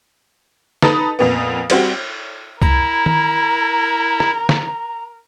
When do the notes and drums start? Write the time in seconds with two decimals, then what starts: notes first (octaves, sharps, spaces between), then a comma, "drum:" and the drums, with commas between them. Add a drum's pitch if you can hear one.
0.82 D#4 A4 B4 A#5 D#6 A6, drum: snare
1.19 F2 A#2 B3
1.70 G3 C4 F#4, drum: cymbal
2.62 E4 A#4 A#5, drum: kick C2
3.06 drum: tom D#3
4.20 drum: rim click
4.49 drum: snare